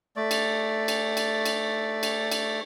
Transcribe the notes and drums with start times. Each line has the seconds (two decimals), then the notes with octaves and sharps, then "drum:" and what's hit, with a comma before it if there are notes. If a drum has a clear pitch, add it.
0.16 A3 D5
0.31 drum: cymbal
0.88 drum: cymbal
1.17 drum: cymbal
1.46 drum: cymbal
2.03 drum: cymbal
2.32 drum: cymbal